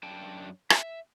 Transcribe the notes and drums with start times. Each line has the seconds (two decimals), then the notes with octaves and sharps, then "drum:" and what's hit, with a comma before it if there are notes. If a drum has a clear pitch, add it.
0.03 F#2 D4 G5 A5
0.70 E5, drum: rim click